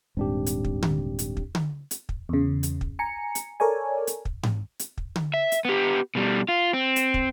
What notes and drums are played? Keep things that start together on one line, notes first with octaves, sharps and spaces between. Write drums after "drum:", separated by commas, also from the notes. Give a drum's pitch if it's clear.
D#1 G#2 C4 D4 G4
drum: hi-hat
drum: kick
drum: tom D3
drum: hi-hat
drum: kick
drum: tom D3
drum: hi-hat
drum: kick
E2 C#3
drum: hi-hat
drum: kick
G#5 A#5 C#7
drum: hi-hat
A4 A#4 C#5 D5 G#5
drum: hi-hat
drum: kick
drum: tom G#2
drum: hi-hat
drum: kick
drum: tom D3
E5
drum: hi-hat
B3 G4
B2 G3
F4
C4
drum: hi-hat
drum: kick